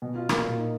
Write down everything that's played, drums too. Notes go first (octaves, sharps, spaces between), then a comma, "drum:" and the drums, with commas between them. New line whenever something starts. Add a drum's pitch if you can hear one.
B2
F4
A#3, drum: rim click
A#2
D#4